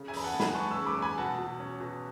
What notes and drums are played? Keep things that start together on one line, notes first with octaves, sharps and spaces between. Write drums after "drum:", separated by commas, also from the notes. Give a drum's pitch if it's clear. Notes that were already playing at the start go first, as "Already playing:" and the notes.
Already playing: C#3
E5 G#5
E2 B5, drum: open hi-hat
F#5 A5
B3
G#5 B5, drum: snare
E2 A5 C#6
C#6 E6
C#3
B5 D6
E2
G#5 B5
B2 F#5 A5
B2
C#4
B2